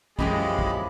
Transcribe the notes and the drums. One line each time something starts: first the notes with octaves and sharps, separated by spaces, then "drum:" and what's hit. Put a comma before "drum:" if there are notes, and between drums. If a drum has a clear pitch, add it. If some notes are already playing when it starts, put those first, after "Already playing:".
F#2 E3 F3 G#3 G4 D#5 B5, drum: kick
drum: kick